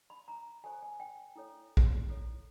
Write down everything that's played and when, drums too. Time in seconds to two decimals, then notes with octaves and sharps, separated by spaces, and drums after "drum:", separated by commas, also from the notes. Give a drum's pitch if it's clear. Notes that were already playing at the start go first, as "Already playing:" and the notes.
0.10 B5
0.28 A#5
0.64 F#4 A4 C5 G#5
0.82 G#5
1.00 G5
1.36 E4 A4 C#5
1.77 drum: kick A#1
2.08 E4 A4 C#5